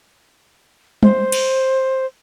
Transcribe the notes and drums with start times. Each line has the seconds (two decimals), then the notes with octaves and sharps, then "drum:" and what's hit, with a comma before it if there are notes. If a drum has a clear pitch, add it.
1.03 C5, drum: tom
1.32 drum: cymbal